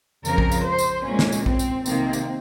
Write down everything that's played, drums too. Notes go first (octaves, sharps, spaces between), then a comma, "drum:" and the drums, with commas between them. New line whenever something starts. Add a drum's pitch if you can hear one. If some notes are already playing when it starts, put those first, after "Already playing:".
F2 C#3 F3 A#4, drum: tambourine
drum: kick A#1
drum: tambourine
C5
drum: tambourine
A#2 G#3 C#4
drum: snare
drum: tambourine
C4, drum: kick A#1
drum: tambourine
C3 D#3 A#3 C4, drum: tambourine
drum: tambourine